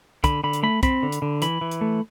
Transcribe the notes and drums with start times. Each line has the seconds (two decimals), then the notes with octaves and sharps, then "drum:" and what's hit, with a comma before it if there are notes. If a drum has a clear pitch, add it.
0.24 D3 B5, drum: kick, hi-hat
0.44 D3 B5
0.53 drum: hi-hat
0.63 A3 B5
0.83 C4 B5, drum: kick, hi-hat
1.03 D3
1.12 drum: hi-hat
1.22 D3
1.42 E3 B5, drum: hi-hat
1.61 E3
1.71 drum: hi-hat
1.81 A3